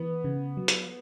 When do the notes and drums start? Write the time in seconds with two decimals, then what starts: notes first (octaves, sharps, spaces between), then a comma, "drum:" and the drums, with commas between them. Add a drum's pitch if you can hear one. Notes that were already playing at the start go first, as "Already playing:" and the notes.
Already playing: E3 B3
0.24 C#3
0.57 F#3
0.68 drum: hi-hat